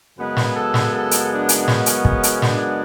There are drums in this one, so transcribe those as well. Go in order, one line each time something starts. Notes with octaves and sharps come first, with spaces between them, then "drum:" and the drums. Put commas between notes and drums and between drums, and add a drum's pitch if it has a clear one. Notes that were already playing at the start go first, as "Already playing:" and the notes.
F#2 C#3 G#3 B3 B4
drum: snare
A4
drum: snare
A4
drum: hi-hat
D4
drum: hi-hat
C#4, drum: snare
drum: hi-hat
drum: kick
drum: hi-hat
D4, drum: snare